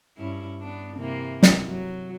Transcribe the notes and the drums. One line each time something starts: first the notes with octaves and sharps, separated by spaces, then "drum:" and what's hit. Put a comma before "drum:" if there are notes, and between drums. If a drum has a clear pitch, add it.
G2 C#4 E4
B3 D4
C3 E3 A#3
drum: snare
F#3